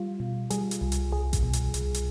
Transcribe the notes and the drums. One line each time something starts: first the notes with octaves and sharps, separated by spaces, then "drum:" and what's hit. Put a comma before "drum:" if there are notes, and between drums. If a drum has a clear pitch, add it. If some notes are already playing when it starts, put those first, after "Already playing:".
Already playing: G3 F4
B2
G3 G#4, drum: hi-hat
drum: hi-hat
C2
drum: hi-hat
C2 G#4
drum: kick A1, hi-hat
B2
drum: hi-hat
C2, drum: hi-hat
drum: hi-hat